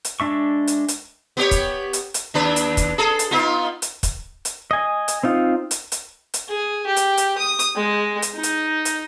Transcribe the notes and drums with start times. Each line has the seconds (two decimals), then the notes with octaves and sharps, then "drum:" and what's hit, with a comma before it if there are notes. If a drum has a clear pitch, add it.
0.05 drum: hi-hat
0.20 G#3 D4 E5 C#6
0.67 drum: hi-hat
0.88 drum: hi-hat
1.37 B3 G4 C#5
1.51 drum: kick, hi-hat
1.93 drum: hi-hat
2.14 drum: hi-hat
2.34 D#2 D4 B4
2.56 drum: hi-hat
2.77 drum: kick, hi-hat
2.98 G#4 A4
3.19 drum: hi-hat
3.31 B3 D#4 F4
3.82 drum: hi-hat
4.03 drum: kick, hi-hat
4.45 drum: hi-hat
4.71 D#5 G#5
5.08 drum: hi-hat
5.23 C4 D#4 F4
5.71 drum: hi-hat
5.92 drum: hi-hat
6.34 drum: hi-hat
6.48 G#4
6.86 G4
6.96 drum: hi-hat
7.17 drum: hi-hat
7.38 D#6
7.59 drum: hi-hat
7.75 G#3
8.22 drum: hi-hat
8.34 D#4
8.43 drum: hi-hat
8.85 drum: hi-hat